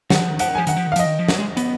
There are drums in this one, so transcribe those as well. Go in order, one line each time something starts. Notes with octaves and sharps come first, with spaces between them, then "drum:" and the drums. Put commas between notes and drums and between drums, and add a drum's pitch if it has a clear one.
D#3 F#5, drum: snare
F3
D#3
F3 F#5, drum: hi-hat
D#3
F3 G#5
D#3 F#5, drum: hi-hat
F3
D#3
F5
F3 D#5, drum: hi-hat
D#3
F3
F#3, drum: snare
G#3
B3, drum: hi-hat